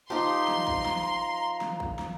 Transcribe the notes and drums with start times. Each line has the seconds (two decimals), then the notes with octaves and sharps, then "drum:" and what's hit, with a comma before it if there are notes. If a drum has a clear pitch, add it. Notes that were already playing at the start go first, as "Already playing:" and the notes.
0.10 F3 D#4 G4 A#5 C6
0.48 drum: snare
0.67 drum: kick
0.86 drum: snare
1.61 drum: snare
1.80 drum: kick
1.99 drum: snare